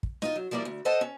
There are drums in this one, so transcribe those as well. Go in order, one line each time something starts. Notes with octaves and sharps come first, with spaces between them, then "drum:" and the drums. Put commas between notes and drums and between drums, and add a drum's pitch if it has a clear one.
drum: kick
D#4 F4, drum: snare
F#3
F3 G3 A#3 E4 D5
D2
A4 C5 D#5 F#5 A5
C#4